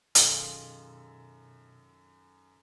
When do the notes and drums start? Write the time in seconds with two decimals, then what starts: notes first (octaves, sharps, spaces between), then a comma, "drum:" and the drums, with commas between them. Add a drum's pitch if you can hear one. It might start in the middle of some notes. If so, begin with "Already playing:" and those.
0.15 F#2 B2 D#3 F4 G#4 A4 D#5, drum: hi-hat